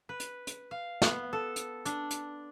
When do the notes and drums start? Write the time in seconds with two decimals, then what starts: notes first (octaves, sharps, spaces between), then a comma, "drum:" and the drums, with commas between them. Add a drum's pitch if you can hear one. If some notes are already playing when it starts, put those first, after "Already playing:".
0.09 B4
0.20 drum: hi-hat
0.47 drum: hi-hat
0.71 F5
1.02 B3, drum: snare
1.33 A4
1.56 drum: hi-hat
1.85 D4, drum: hi-hat
2.11 drum: hi-hat